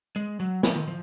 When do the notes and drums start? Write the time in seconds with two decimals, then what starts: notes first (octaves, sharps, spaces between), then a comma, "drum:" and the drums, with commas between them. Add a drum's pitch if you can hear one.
0.16 G#3
0.40 F#3
0.63 F3, drum: snare
0.76 D#3
0.87 F3